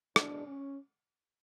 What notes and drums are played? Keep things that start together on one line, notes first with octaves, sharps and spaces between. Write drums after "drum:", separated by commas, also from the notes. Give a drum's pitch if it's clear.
E2 B2 G#3 D4, drum: rim click
C#4